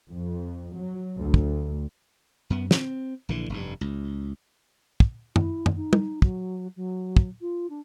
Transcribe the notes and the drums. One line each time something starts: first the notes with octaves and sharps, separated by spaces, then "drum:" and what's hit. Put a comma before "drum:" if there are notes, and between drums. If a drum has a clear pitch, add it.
F2
F#3
D2
drum: kick
F#2 B3
C4, drum: snare
A#1 D3 E3
F1 G2
C#2
drum: kick
E4, drum: tom F#2
drum: tom F#2
D#4
drum: tom
F#3, drum: kick
F#3
drum: kick
F4
D4